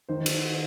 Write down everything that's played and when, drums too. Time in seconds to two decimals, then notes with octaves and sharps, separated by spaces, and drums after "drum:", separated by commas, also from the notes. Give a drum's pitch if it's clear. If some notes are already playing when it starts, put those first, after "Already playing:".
0.09 D#3 C5
0.26 drum: cymbal